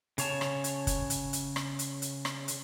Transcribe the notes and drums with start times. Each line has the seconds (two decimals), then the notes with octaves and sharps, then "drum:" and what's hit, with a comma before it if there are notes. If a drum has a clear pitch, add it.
0.18 C#3 C#5 A5, drum: hi-hat
0.41 drum: rim click
0.64 drum: hi-hat
0.87 drum: kick, hi-hat
1.10 drum: hi-hat
1.33 drum: hi-hat
1.56 drum: rim click
1.79 drum: hi-hat
2.02 drum: hi-hat
2.25 drum: rim click
2.48 drum: hi-hat